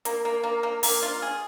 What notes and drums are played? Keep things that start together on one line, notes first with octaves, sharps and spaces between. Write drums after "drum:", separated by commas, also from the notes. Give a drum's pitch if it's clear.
A#3, drum: hi-hat
A#3
A#3
A#3
A#3, drum: open hi-hat
F4
G#4